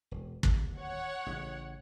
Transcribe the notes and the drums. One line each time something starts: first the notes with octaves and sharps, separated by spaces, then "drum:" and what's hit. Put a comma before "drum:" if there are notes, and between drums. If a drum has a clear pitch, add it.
E1
D1 D#2, drum: kick
C#5 F#5
A1 C#3